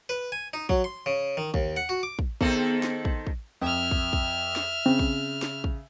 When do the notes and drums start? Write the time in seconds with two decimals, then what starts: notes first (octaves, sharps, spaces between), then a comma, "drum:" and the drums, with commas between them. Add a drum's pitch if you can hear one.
0.09 B4
0.32 G#5
0.53 D#4
0.69 F#3, drum: kick
0.84 C6
1.06 C#3
1.37 D#3
1.54 D#2, drum: kick
1.77 F#5
1.89 F#4
2.03 D6
2.19 drum: kick
2.41 D#3 B3 C4 G#4 A4, drum: kick
2.83 drum: snare
3.05 drum: kick
3.27 drum: kick
3.62 F2 E5 F6
3.91 drum: kick
4.13 drum: kick
4.56 drum: snare
4.86 C#3 C4
4.99 drum: kick
5.42 drum: snare
5.64 drum: kick